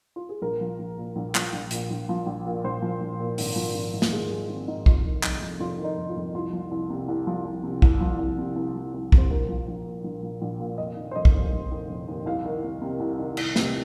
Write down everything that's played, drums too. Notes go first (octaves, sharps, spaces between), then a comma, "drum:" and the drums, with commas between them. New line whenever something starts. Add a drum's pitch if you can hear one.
F4
G#4
A#1 A#4
F3
A#1
A#2
A#1
F3, drum: clap
A#1
A#2, drum: hi-hat
A#1
F3
A#1
A#2
A#1 C5
F3
A#1
A#2
G#1, drum: open hi-hat
F3
G#1
G#2
F4, drum: snare
G#1 G#4
F3 G#4
G#1 C4
G#2 D#4
F1 F4, drum: kick A#1
D#3
F1 D#4, drum: clap
F2
F1 F4
D#3
D#4
F1
F4
F2
C2 F4
F3
C2
C3
C2
F3
C2
C3
C2, drum: kick A#1
F3
C2
C3
C2
F3
C2
C3, drum: kick A#1
C5
A#1 A#4
F3
A#1
A#2
A#1
F3
A#1
A#2
F1 D#5
D#3
C5
F1 D#5
drum: kick A#1
D#2
F1
D#3
F1
D#2
C2 F5
D#3
C2
C3
C2
D#3
C2, drum: cymbal
C3, drum: snare